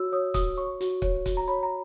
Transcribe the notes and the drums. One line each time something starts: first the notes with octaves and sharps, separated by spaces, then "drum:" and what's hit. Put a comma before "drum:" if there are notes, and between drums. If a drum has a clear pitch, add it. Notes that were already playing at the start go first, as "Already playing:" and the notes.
Already playing: F#4 C#5 E6
C#5 D#6
F#4 D#6, drum: kick, hi-hat
C#5 C#6
F#4, drum: hi-hat
C#5, drum: kick
F#4, drum: kick, hi-hat
A#5
C#5 B5
A#5